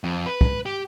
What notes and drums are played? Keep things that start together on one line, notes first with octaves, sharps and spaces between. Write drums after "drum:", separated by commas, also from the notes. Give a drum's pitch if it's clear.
F2
B4
drum: kick
G4